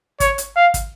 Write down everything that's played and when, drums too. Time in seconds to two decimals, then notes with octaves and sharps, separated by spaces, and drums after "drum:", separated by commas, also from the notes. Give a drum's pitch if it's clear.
0.20 C#5, drum: kick, hi-hat
0.38 drum: hi-hat
0.56 F5
0.74 drum: kick, hi-hat